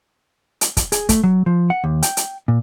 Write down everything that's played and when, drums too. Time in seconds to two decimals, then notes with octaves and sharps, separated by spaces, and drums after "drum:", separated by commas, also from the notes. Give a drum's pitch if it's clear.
0.61 drum: hi-hat
0.77 drum: kick, hi-hat
0.92 G#4, drum: hi-hat
1.09 A3, drum: kick, hi-hat
1.24 F#3
1.46 F3
1.70 F#5
1.84 D#2
2.03 G5, drum: hi-hat
2.17 drum: hi-hat
2.48 A#2